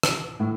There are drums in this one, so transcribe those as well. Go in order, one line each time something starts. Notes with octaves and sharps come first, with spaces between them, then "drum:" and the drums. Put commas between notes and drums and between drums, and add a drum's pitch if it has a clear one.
drum: rim click
A2